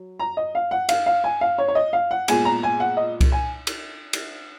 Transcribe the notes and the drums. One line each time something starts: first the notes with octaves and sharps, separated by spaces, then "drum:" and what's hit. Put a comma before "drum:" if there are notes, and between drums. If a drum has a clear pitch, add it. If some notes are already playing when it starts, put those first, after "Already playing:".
Already playing: F#3
A#5
D#5
F5
F#5
F5, drum: cymbal
F5
G#5
F5
C#5
C#5
D#5
F5
F#5
A#2 G#3 B3 G#5, drum: cymbal
A#5
G#5
F#5
D#5
drum: kick C2, cymbal
G#5
drum: cymbal
drum: cymbal